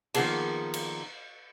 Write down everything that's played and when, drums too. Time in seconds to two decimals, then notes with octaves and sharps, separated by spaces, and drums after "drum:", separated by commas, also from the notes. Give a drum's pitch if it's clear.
0.14 D#3 F3 A#3 B3 G#4 A5, drum: cymbal
0.74 drum: cymbal